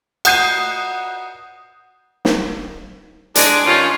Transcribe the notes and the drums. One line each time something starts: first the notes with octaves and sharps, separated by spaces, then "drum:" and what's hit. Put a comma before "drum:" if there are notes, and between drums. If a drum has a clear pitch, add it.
F#5 D#6 G6 C7 D#7, drum: cymbal
drum: snare
G#3 D4 D6, drum: hi-hat
G2 D#3 C#4 F4